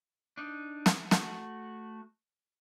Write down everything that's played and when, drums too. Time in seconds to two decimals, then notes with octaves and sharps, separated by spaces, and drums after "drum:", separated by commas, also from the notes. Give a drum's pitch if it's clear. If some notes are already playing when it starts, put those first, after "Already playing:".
0.37 D4 D#4
0.86 drum: snare
1.11 A3 F#4, drum: snare